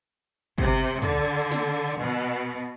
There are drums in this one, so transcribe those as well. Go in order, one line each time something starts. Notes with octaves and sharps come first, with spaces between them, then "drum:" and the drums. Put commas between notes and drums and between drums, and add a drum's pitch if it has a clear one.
C3, drum: kick
D3, drum: tom
drum: snare
B2